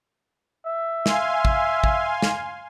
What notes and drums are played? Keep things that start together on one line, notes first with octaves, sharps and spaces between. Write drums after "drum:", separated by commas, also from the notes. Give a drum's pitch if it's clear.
E5
F5 G#5 C6, drum: snare
drum: kick
drum: kick
drum: snare